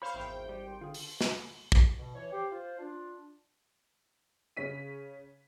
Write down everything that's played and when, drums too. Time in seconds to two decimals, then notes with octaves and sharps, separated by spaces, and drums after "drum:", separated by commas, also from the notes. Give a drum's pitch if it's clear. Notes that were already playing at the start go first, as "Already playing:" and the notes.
0.02 C5 C#5 F5 B5 C#6
0.14 G#1 E2 E5 G5 B5
0.29 C5
0.49 G3
0.68 C6
0.81 D3 F4 G#4
0.94 drum: open hi-hat
1.21 drum: snare
1.72 drum: kick
1.98 B2
2.14 E3 C#5
2.32 G4 C5
2.52 F4 C5
2.79 D4 F4
4.57 C#3 C#4 B6 D#7